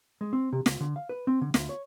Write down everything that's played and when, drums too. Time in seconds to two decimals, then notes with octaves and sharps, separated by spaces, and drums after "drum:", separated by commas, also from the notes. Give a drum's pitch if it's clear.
0.21 G#3
0.33 C4
0.53 C3
0.66 C#2, drum: snare
0.81 D3
0.96 F5
1.09 B4
1.27 C4
1.41 D3
1.54 D2, drum: snare
1.69 C#5